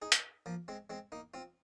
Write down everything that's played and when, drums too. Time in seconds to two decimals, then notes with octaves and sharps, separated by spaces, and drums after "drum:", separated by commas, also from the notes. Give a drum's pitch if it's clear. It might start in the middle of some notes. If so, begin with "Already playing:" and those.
0.02 D#4 G#4
0.12 drum: hi-hat
0.46 F3 A#3
0.68 G#3 C4
0.90 G#3 C4
1.12 A#3 D#4
1.34 C4 F4